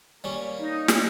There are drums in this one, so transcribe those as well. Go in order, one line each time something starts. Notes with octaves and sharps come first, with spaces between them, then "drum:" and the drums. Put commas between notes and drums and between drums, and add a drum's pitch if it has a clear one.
G3 A#3 C#4
D#4
drum: snare